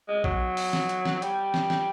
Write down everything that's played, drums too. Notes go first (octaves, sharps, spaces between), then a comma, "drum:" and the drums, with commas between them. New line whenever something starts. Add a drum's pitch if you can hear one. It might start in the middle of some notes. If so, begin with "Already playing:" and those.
G#3
F#3, drum: kick A#1
drum: open hi-hat
drum: snare
drum: hi-hat
drum: snare
G3, drum: hi-hat
drum: snare
drum: snare